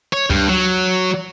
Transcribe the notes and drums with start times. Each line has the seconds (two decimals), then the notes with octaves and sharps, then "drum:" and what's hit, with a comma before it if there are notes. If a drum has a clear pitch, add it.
0.13 C#5
0.30 G2, drum: kick C#2
0.49 F#3